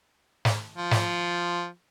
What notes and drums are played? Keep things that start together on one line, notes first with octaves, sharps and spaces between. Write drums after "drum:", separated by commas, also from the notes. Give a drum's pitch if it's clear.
drum: snare
F3
drum: snare